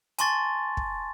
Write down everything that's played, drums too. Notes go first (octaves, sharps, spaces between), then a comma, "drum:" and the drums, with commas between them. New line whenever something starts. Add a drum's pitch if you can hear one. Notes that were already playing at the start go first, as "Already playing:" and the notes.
G#5 A5 C6 C#6 A6, drum: hi-hat
drum: kick